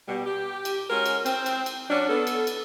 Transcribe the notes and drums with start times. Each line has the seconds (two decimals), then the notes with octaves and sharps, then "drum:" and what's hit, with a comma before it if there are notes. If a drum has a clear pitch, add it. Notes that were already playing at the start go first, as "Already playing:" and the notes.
0.08 B2 G3
0.26 G4
0.65 drum: cymbal
0.90 G#3 C#4 F#4 A#4
1.06 drum: cymbal
1.26 C4, drum: cymbal
1.46 drum: cymbal
1.66 drum: cymbal
1.90 F#3 C#4 D4
2.10 B3 A4
2.27 drum: cymbal
2.47 drum: cymbal